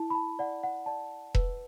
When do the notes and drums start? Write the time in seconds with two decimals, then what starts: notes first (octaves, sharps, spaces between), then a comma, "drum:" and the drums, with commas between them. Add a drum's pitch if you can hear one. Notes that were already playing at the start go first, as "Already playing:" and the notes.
Already playing: E4 A5
0.10 B5
0.15 A5
0.39 D5 F#5
0.63 F#5
0.86 D5 A5
1.35 B4, drum: kick E1